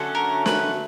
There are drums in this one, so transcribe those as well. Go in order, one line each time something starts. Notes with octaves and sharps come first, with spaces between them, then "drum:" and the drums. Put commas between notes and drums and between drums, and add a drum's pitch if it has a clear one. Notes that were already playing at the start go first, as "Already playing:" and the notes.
Already playing: D3 F#3 A3 C#4
A#4
B4, drum: snare